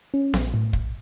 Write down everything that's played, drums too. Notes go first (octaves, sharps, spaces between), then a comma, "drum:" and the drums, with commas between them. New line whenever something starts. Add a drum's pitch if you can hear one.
C#4
A#1, drum: snare B3
A2
A#1, drum: kick